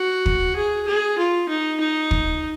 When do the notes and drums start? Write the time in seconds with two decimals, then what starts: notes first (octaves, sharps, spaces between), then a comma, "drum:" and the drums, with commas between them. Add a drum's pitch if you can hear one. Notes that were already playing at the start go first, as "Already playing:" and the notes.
Already playing: F#4
0.26 drum: kick
0.56 G#4
0.87 G#4
1.18 F4
1.49 D#4
1.80 D#4
2.11 drum: kick